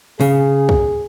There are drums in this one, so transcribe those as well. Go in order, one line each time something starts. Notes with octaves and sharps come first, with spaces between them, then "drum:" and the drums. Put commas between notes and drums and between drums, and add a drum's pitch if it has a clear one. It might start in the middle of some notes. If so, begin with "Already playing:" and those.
C#3 G#4, drum: open hi-hat
drum: kick